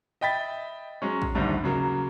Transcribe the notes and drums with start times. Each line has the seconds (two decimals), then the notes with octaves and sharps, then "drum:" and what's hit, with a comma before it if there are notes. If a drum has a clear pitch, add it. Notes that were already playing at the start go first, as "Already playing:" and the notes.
0.21 D#5 E5 G5 B5 A6 B6
1.02 F#3 G#3 C#4
1.22 drum: kick
1.35 A#1 D#2 G#2 D3 G3 A3
1.64 C#3 F#3 A#3